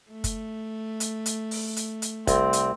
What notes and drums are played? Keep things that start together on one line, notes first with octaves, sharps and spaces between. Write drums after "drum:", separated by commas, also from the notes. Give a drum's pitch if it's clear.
A3
drum: kick, hi-hat
drum: hi-hat
drum: hi-hat
drum: open hi-hat
drum: hi-hat
drum: hi-hat
C2 C4, drum: kick, hi-hat
drum: hi-hat